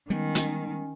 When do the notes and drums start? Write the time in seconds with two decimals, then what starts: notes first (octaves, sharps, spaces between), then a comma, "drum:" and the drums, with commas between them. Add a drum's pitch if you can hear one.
0.10 D#3 G3 G#3 B3 C#4 G#5
0.35 drum: hi-hat